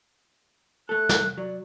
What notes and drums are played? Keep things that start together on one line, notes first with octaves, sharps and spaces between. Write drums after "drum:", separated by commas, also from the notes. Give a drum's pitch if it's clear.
A3 A4 F#6
drum: snare
F#3 D5